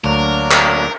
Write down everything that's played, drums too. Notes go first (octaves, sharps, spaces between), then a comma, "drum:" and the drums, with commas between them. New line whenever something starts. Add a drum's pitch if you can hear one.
D2 F#3 A#3 D4 A#4
drum: clap